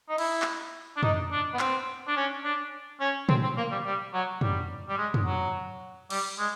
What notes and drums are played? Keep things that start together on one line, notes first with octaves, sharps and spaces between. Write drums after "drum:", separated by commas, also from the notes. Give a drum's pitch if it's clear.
D#4
E4, drum: cymbal
drum: clap
D4
D#4, drum: tom
D4
B3
C4, drum: clap
D4
C#4
D4
C#4
C4, drum: tom
C4
A#3
G3
G3
F#3
G3, drum: tom
G3
G#3
drum: tom
F#3
G3, drum: cymbal
G#3